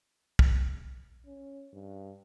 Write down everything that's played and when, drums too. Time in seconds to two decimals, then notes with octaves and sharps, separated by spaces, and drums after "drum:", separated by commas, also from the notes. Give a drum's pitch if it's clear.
0.39 drum: kick
1.26 C#4
1.73 G2